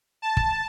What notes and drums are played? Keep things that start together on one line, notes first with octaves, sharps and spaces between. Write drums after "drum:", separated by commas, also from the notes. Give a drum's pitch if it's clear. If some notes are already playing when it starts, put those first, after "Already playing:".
A5
drum: kick